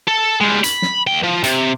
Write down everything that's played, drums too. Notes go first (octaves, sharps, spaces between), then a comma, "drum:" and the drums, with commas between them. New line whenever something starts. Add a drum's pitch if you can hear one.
A4
G3 G#3
B5, drum: hi-hat
drum: snare
D#2 G5
F3
C3, drum: hi-hat